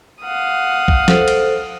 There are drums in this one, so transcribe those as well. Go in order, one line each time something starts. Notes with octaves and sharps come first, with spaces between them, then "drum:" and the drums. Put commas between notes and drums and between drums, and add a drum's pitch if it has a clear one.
F5 F#5 D#6
drum: kick
A4 C5, drum: snare
drum: cymbal